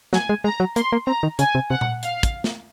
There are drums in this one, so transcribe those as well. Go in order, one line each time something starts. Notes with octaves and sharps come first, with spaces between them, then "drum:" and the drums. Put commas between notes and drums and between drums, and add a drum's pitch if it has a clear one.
F#3 G#5, drum: snare
G#3
G#3 A#5
F#3
A#3 C6, drum: hi-hat
A#3
C4 A#5
D#3
C#3 G#5, drum: hi-hat
C3
C3 F#5
drum: tom A#2
F5, drum: hi-hat
drum: kick, hi-hat
drum: snare